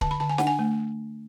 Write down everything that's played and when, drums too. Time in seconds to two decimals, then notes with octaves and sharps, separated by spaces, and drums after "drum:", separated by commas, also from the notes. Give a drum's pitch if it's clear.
0.01 D3 A5, drum: kick
0.11 B5
0.20 D3 A5
0.29 G#5
0.38 D4 F#5, drum: snare
0.47 G#5
0.59 A3